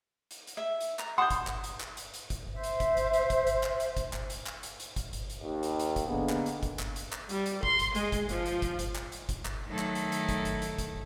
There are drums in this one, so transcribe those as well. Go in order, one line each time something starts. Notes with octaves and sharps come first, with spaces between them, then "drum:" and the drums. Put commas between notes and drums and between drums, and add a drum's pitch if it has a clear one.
drum: hi-hat
drum: hi-hat
E5
drum: hi-hat
A#5, drum: clap
F#5 A5 C6 D#6 G6
drum: kick G1, hi-hat
drum: clap
drum: hi-hat
drum: clap
drum: hi-hat
drum: hi-hat
drum: kick G1, hi-hat
C5 E5
drum: hi-hat
drum: kick G1, hi-hat
drum: hi-hat
drum: hi-hat
drum: kick G1, hi-hat
drum: hi-hat
drum: clap
drum: hi-hat
drum: kick G1, hi-hat
drum: clap
drum: hi-hat
drum: clap
drum: hi-hat
drum: hi-hat
drum: kick G1, hi-hat
drum: hi-hat
drum: hi-hat
D#2
drum: hi-hat
drum: hi-hat
drum: kick G1, hi-hat
D3 G#3 A#3 B3
drum: clap
drum: hi-hat
drum: kick G1, hi-hat
drum: clap
drum: hi-hat
drum: clap
G3, drum: hi-hat
drum: hi-hat
C6, drum: kick G1
drum: hi-hat
G#3, drum: hi-hat
drum: kick G1, hi-hat
F3, drum: hi-hat
drum: hi-hat
drum: kick G1, hi-hat
drum: hi-hat
drum: clap
drum: hi-hat
drum: kick G1, hi-hat
drum: clap
D#3 F#3 A3 E4 A4
drum: clap
drum: hi-hat
drum: hi-hat
drum: kick G1, hi-hat
drum: hi-hat
drum: hi-hat
drum: kick G1, hi-hat